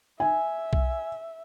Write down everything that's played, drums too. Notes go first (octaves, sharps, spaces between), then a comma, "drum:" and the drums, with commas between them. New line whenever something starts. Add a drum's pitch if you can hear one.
E5 G#5
drum: kick B1